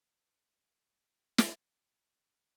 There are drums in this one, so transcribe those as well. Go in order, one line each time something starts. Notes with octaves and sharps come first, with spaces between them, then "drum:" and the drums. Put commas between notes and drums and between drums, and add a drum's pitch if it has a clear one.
D4 F4
drum: snare